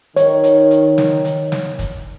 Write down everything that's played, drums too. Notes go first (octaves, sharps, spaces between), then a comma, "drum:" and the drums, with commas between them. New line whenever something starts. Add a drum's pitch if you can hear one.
D#3 C#5, drum: hi-hat
drum: hi-hat
drum: hi-hat
drum: snare
drum: hi-hat
drum: snare
drum: kick, hi-hat